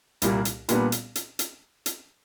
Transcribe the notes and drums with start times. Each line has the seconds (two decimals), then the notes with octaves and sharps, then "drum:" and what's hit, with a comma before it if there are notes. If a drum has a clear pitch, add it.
0.22 C2 A#2 G3 A#3, drum: hi-hat
0.45 drum: hi-hat
0.69 A#2 G3 B3 D4, drum: hi-hat
0.92 drum: hi-hat
1.15 drum: hi-hat
1.39 drum: hi-hat
1.86 drum: hi-hat